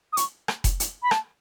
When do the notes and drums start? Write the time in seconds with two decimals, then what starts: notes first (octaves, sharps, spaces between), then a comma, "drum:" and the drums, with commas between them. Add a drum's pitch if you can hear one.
0.13 D#6
0.17 C#6, drum: hi-hat
0.48 drum: rim click
0.64 drum: kick F1, hi-hat
0.80 drum: hi-hat
1.03 B5
1.11 A5, drum: rim click